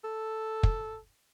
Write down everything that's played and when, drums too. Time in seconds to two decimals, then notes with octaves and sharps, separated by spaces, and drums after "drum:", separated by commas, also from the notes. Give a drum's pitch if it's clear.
0.04 A4
0.63 drum: kick